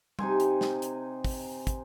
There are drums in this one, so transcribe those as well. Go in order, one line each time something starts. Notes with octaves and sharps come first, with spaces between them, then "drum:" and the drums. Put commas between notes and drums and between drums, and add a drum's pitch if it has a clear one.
C3 D#4 G#5 C6, drum: tom G3
drum: hi-hat
drum: snare
drum: hi-hat
drum: kick, open hi-hat
drum: kick, hi-hat